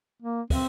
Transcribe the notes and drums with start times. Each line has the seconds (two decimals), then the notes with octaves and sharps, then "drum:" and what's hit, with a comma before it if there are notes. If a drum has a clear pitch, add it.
0.22 A#3
0.50 C4, drum: kick, open hi-hat